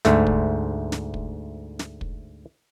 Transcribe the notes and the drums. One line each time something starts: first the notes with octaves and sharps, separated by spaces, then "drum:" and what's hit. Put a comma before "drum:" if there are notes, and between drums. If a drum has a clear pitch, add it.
D2 G#2 A3, drum: snare
drum: kick
drum: snare
drum: kick
drum: snare
drum: kick